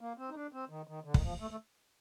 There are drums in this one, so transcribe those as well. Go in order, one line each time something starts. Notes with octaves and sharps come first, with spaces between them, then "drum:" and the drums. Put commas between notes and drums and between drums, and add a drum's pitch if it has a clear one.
A#3
C4
D#4
D4
C4
D#3
D#3
D3
D#3, drum: kick
F3
A3
A3